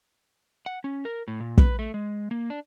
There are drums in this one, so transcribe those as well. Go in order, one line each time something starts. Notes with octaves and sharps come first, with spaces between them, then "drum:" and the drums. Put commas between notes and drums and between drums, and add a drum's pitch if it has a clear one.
F#5
C#4
A#4
A2
A#2
B4, drum: kick
A3
G#3
A#3
D4